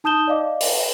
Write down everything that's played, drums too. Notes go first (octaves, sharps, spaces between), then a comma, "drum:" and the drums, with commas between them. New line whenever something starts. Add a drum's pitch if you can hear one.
D#4 A5 D#6 G6 E7 G7
D5 D#5 F5 D6
drum: open hi-hat